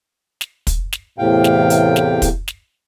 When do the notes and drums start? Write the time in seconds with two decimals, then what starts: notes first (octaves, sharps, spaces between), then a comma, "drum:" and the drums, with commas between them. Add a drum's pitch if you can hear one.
0.41 drum: snare
0.67 drum: kick, hi-hat
0.93 drum: snare
1.18 E2 A2 C3 F5 G5
1.44 drum: snare
1.70 drum: hi-hat
1.96 drum: snare
2.22 drum: kick, hi-hat
2.48 drum: snare